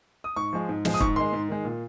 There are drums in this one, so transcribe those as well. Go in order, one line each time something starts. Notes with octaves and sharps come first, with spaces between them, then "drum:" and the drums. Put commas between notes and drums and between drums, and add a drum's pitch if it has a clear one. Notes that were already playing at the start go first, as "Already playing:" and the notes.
D#6
G#2 C#6
F3 G#3
G#2
F3 G#3, drum: snare
D#6
G#2 C#6, drum: kick
D#3 G#3 C6
G#2
D#3 G#3
A#2